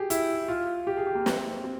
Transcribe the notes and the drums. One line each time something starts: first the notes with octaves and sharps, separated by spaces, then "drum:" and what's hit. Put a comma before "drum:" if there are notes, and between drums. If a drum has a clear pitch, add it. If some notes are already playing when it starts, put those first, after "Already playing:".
Already playing: G4 G#4
E4, drum: hi-hat
F4
G4
G#4
G4
A#3
C4, drum: snare
C4